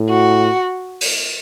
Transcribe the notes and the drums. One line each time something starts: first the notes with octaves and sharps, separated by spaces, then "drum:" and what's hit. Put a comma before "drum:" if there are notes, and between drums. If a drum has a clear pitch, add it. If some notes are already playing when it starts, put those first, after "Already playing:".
Already playing: A2
F#4
drum: open hi-hat